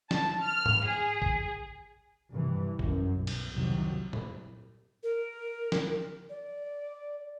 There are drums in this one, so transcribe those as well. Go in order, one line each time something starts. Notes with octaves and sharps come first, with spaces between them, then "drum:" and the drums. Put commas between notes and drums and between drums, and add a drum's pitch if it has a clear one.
A5, drum: snare
F6
drum: tom G#2
G#4
drum: kick
G2 C3 E3
F#2, drum: kick
B1
drum: cymbal
C2 F2 C3 D#3 F#3
drum: tom A#2
A#4
drum: snare
D5